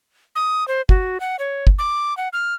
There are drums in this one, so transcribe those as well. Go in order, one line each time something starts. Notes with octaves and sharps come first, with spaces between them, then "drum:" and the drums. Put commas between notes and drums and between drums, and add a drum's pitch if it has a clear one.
D#6
C5
F#4, drum: kick
F#5
C#5
drum: kick
D6
F#5
F6